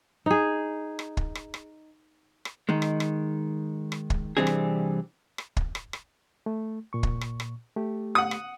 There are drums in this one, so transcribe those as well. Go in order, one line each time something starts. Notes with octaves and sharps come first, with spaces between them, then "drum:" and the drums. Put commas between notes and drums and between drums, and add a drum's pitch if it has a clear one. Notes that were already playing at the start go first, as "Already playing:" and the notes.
D#4 G#4
drum: rim click
drum: kick
drum: rim click
drum: rim click
drum: rim click
D#3 G#3
drum: rim click
drum: rim click
drum: rim click
drum: kick
C3 E3 G3 C4 D4 G#4
drum: rim click
drum: rim click
drum: kick
drum: rim click
drum: rim click
A3
A#2 C#6
drum: kick
drum: rim click
drum: rim click
A3 G4
F#5 D#6
drum: rim click